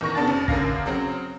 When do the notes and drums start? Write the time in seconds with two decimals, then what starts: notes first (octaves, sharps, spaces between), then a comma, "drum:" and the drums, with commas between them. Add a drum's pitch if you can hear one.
0.01 E2 D#3 C#6 A#6
0.15 C#3 B3 D4 A5 A6
0.27 F#1 C#4
0.48 F#2 D3 A#3 F5 A#6, drum: kick
0.86 C#3 F#3 C4